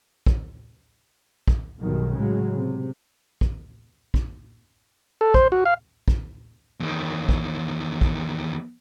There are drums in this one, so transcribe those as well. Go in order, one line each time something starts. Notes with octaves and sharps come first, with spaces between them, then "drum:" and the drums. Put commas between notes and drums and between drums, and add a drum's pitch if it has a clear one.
drum: kick A#1
drum: kick A#1
B1 G2 B2 D#3
A2 C#3 F#3 G#3
C3
drum: kick A#1
drum: kick A#1
A4
C5, drum: kick A#1
F#4
F5
drum: kick A#1
E2 D#3
drum: kick A#1
drum: kick A#1